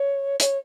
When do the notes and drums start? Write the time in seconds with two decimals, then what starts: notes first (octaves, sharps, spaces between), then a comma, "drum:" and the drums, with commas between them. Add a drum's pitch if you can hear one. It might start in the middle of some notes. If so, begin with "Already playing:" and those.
Already playing: C#5
0.40 C#5, drum: hi-hat